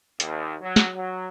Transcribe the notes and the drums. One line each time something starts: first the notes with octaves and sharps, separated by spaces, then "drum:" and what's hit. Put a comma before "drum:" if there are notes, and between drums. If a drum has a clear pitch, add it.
D#2, drum: hi-hat
F#3
drum: snare
F#3